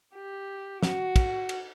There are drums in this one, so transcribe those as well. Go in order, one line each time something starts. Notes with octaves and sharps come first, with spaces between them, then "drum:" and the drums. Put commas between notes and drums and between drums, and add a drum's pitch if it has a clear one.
G4
F#4, drum: snare
drum: kick, cymbal
drum: cymbal